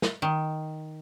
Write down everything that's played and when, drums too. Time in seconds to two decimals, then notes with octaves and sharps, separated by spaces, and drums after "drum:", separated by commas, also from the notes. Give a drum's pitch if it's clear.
0.02 drum: snare
0.22 D#3